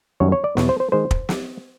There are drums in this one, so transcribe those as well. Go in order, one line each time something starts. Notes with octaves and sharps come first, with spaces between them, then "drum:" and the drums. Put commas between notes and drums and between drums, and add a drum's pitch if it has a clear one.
F#2 D#3 G3 C#5
C#5
D5
E2 B2 F#3 C#5, drum: snare
C5
C5
D#3 G#3 C5
drum: kick
drum: snare